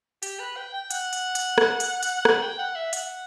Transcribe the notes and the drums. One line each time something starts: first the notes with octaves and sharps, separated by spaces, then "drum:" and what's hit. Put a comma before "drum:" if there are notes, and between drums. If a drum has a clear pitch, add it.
G4, drum: hi-hat
B4
G5
G5
F#5, drum: hi-hat
drum: hi-hat
drum: hi-hat
drum: rim click
drum: hi-hat
drum: hi-hat
F#5, drum: rim click
G5
F#5
E5
F#5, drum: hi-hat